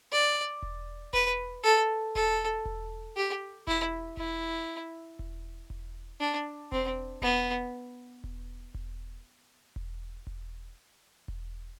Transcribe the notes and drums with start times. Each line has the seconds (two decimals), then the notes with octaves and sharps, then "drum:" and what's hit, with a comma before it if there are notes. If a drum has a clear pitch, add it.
0.12 D5
0.62 drum: kick E1
1.13 B4, drum: kick E1
1.63 A4
2.15 A4, drum: kick E1
2.65 drum: kick E1
3.16 G4
3.67 E4, drum: kick E1
4.17 E4, drum: kick E1
5.19 drum: kick E1
5.70 drum: kick E1
6.20 D4
6.72 C4, drum: kick E1
7.22 B3, drum: kick E1
8.24 drum: kick E1
8.74 drum: kick E1
9.76 drum: kick E1
10.27 drum: kick E1
11.28 drum: kick E1